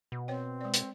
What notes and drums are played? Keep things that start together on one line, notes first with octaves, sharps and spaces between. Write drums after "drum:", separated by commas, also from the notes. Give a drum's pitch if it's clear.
B2
C4 C5 C#5 G5
G#3 D5
drum: hi-hat